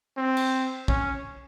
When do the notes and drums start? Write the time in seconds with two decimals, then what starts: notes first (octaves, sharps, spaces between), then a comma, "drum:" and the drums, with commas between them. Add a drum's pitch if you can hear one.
0.17 C4
0.37 drum: cymbal
0.88 C#4, drum: kick